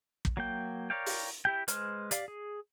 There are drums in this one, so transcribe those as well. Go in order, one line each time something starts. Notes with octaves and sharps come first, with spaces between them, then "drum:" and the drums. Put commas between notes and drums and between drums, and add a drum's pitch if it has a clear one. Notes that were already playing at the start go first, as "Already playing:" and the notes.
drum: kick
F#3 A#3 G5
A#4 C#5 D5 F5 G5
drum: open hi-hat
E4 G4 G5
G#3 B4 C5 F6, drum: hi-hat
G4 D5 F5, drum: hi-hat
G#4